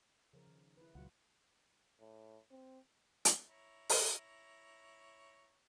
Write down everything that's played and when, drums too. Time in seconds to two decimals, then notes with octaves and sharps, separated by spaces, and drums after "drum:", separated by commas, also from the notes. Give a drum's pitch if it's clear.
0.33 C#3 F3 A#4
0.47 D#3
0.77 E4 B4
0.95 C#2 A#2 F#3 F4 F#5
2.00 A2
2.51 C4
3.25 drum: hi-hat
3.49 E4 C#5 A#5
3.89 drum: open hi-hat